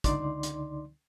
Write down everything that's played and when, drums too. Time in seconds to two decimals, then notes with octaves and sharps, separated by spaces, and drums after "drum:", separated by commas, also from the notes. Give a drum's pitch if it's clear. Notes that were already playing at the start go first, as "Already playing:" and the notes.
0.04 C#2 D3 D#4 D5 C6, drum: kick, hi-hat
0.43 drum: hi-hat